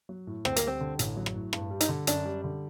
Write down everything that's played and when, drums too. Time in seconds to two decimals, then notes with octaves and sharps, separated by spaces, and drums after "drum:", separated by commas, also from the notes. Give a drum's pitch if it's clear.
0.09 F#3
0.27 A2
0.45 D2 C4, drum: rim click
0.56 A#3, drum: hi-hat
0.63 G3 C4
0.81 D3
0.99 A1, drum: hi-hat
1.17 F#3
1.26 drum: rim click
1.36 A2
1.53 G2, drum: rim click
1.71 G3
1.80 D#4, drum: hi-hat
1.89 D3
2.07 F#2 D4, drum: hi-hat
2.26 G3
2.44 D3